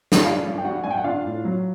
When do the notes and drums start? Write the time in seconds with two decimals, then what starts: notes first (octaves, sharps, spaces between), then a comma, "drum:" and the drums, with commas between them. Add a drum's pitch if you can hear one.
0.12 drum: snare
0.24 G2 F4 F5
0.45 G2
0.58 G5
0.64 G3 F#4 F#5
0.84 G2 G#5
0.91 G5
0.97 F#5
1.04 D4 F4 F5
1.25 A2
1.45 F#3